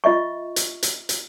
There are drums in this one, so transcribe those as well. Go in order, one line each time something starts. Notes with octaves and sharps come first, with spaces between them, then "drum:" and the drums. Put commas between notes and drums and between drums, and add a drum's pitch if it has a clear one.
F4 D#5 E5 C#6
drum: hi-hat
drum: hi-hat
drum: hi-hat